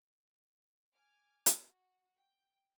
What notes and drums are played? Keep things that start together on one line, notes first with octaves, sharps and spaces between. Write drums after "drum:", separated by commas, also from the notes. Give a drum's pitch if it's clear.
G#5 D6 F6
drum: hi-hat
F#4
G5